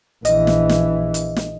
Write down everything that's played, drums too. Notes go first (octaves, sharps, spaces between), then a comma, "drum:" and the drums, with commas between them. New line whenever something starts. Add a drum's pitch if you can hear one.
A#1 E3 D#5, drum: hi-hat
drum: snare
drum: snare
drum: hi-hat
drum: snare